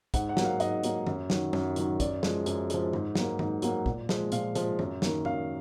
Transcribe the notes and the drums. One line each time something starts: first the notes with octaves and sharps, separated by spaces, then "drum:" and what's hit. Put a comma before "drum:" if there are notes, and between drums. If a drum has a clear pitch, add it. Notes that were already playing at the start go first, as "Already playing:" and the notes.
G#2 F#5, drum: kick, hi-hat
F#5
F#3 A#3, drum: snare
F5
G#2 D#5, drum: hi-hat
F#3 A#3, drum: hi-hat
F#2, drum: tom D#3
D#3 F#3, drum: snare
F#2, drum: tom
D#3 F#3, drum: hi-hat
F#2 D5, drum: kick, hi-hat
F3 G#3, drum: snare
F#2, drum: hi-hat
F3 G#3, drum: hi-hat
G#2, drum: tom D#3
F#3 A#3, drum: snare
G#2, drum: tom D#3
F#3 A#3, drum: hi-hat
A#2, drum: kick
F3 G#3, drum: snare
A#2 F5, drum: hi-hat
F3 G#3, drum: hi-hat
F#2, drum: tom D#3
D#3 A#3, drum: snare
F#2 F5, drum: tom D#3